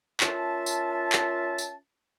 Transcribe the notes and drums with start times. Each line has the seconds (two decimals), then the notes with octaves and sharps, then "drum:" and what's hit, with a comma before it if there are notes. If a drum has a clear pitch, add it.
0.20 C#4 F4 A#4 E5 A5, drum: clap
0.66 drum: tambourine
1.12 drum: clap
1.58 drum: tambourine